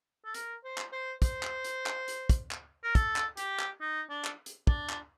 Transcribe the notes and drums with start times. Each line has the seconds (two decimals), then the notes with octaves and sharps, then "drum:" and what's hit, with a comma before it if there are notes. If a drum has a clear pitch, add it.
0.24 A4
0.34 A#4, drum: hi-hat
0.64 C5
0.78 drum: clap
0.92 C5
1.22 C5, drum: kick, hi-hat
1.43 drum: clap
1.64 drum: hi-hat
1.86 drum: clap
2.08 drum: hi-hat
2.29 drum: kick, hi-hat
2.51 drum: clap
2.84 A#4
2.95 A4, drum: kick, hi-hat
3.16 drum: clap
3.37 G4, drum: hi-hat
3.60 drum: clap
3.81 D#4
4.10 D4
4.25 drum: clap
4.46 drum: hi-hat
4.67 D4, drum: kick
4.90 drum: clap